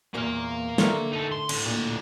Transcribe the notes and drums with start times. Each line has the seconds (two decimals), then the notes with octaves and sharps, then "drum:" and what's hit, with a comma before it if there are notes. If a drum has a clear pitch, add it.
0.14 E2 A#2 A#3 F5
0.78 D3 A3 A#4, drum: snare
1.13 D#4 A4
1.32 C6
1.49 A2 D3, drum: cymbal
1.66 A#2